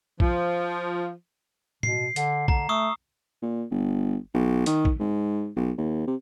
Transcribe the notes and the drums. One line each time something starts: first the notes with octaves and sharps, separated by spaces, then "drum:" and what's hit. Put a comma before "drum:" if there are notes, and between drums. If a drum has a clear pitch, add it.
F3, drum: kick A#1
B2 C7, drum: tom A2
D3, drum: hi-hat
D3 A#5, drum: kick A#1
A3 C#6 D#6 E6
A#2
G1
B1
D#3, drum: hi-hat
drum: kick A#1
G#2
B1
D#2
C3